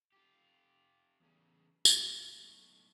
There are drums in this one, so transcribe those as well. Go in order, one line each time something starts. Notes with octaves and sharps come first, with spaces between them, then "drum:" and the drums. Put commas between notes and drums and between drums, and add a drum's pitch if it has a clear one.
F4 G4
E2 C#3
E2, drum: tambourine
A#4
B1 A2